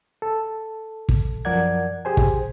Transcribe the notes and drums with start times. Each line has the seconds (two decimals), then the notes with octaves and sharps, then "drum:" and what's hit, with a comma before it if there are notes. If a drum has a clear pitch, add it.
0.22 A4
1.09 drum: kick
1.45 F#2 F3 A#4 D5 F#5 G#6
2.05 G4 G#4 C5 G#5
2.17 drum: kick